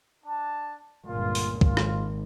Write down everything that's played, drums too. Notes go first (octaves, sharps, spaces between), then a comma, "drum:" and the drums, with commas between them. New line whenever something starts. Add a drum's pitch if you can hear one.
D4 A5
G1 C#2 A#2 F4
drum: open hi-hat
G#1 F4, drum: kick
drum: rim click